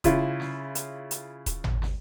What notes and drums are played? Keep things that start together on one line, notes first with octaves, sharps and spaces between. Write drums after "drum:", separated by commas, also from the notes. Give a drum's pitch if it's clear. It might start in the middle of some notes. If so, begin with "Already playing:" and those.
C#3 E4 F4, drum: kick D#1, hi-hat
drum: snare
drum: hi-hat
drum: hi-hat
drum: kick D#1, hi-hat
drum: tom G#1
drum: snare